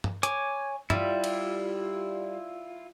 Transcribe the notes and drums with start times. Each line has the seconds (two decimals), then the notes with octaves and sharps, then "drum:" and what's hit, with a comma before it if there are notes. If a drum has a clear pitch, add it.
0.04 drum: tom G2
0.23 C#5 G#5 D6, drum: hi-hat
0.90 G3 E4 F4, drum: tom G2
1.24 drum: cymbal